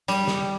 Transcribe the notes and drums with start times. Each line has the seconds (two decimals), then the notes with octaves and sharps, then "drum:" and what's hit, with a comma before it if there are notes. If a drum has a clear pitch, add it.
0.08 G3, drum: hi-hat
0.27 drum: snare